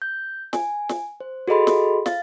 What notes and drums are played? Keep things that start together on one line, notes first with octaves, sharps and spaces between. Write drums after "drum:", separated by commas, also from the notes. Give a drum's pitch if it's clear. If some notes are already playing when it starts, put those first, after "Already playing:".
G6
G#5, drum: snare
drum: snare
C5
F#4 G#4 A4 D#5 B5 C6
drum: snare
F5 A6, drum: snare